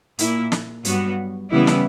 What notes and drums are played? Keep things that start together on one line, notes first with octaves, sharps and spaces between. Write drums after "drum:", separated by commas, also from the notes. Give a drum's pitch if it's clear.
A#2 A#3 E4, drum: hi-hat
drum: snare
G2 F#3 B3 F#4, drum: hi-hat
C#3 E3 G3 B3 E4
drum: snare